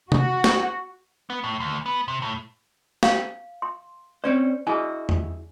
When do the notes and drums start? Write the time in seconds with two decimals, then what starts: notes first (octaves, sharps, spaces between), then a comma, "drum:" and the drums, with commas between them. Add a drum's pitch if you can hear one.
0.12 F#4, drum: tom
0.44 drum: snare
1.30 B3
1.44 A2
1.60 D2
1.86 B3
2.08 C3
2.22 A2
3.03 F5, drum: snare
3.62 C6
4.24 C4 C#4 C5 D5
4.67 E4 F#4 G#4 D#5 G#5
5.09 drum: tom E2